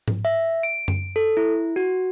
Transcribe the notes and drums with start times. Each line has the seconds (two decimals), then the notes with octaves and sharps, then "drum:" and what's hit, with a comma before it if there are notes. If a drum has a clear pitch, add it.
0.08 drum: tom G#2
0.25 E5
0.63 D7
0.88 drum: tom F#2
1.16 A4
1.37 E4
1.76 F#4